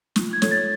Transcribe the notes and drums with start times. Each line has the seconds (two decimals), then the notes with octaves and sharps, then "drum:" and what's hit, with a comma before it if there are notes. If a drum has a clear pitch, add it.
0.16 F4, drum: snare
0.33 G#6
0.42 A4 C#5, drum: snare
0.51 A6